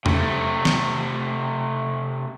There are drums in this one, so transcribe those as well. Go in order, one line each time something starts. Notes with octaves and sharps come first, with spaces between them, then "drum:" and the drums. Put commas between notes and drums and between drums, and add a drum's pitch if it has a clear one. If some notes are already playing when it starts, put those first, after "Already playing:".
C3 A3, drum: tom E2
drum: snare